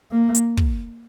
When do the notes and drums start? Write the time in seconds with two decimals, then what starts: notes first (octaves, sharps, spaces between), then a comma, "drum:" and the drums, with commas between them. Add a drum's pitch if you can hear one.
0.12 A#3
0.35 drum: hi-hat
0.57 drum: kick